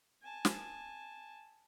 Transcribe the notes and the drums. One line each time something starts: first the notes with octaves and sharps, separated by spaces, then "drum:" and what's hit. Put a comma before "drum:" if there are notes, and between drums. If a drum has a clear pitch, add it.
G#5 A5
drum: snare